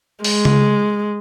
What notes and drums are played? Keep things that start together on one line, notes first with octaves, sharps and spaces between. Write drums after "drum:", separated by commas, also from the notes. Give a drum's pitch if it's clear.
G#3, drum: open hi-hat
drum: tom C#3